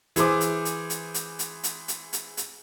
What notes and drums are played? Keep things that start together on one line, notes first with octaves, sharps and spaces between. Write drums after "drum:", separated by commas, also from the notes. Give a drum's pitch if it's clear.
E3 G#4 C5 D6, drum: hi-hat
drum: hi-hat
drum: hi-hat
drum: hi-hat
drum: hi-hat
drum: hi-hat
drum: hi-hat
drum: hi-hat
drum: hi-hat
drum: hi-hat